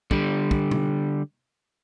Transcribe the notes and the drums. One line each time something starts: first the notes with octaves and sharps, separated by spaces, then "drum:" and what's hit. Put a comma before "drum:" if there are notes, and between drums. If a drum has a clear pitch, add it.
D3 G3, drum: kick
drum: kick
drum: tom B2